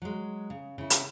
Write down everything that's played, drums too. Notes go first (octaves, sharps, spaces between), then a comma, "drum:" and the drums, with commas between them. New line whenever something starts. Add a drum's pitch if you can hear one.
F#3 G#3
C#3
C#3 E4
drum: hi-hat